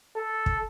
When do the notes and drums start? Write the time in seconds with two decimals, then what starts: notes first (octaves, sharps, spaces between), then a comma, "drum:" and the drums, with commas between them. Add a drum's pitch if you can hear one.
0.16 A4
0.46 drum: kick